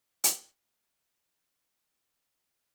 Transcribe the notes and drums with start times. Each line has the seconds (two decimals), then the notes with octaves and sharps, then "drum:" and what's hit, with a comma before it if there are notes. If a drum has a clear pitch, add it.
0.24 G4 B4 C#5 E5 F5, drum: hi-hat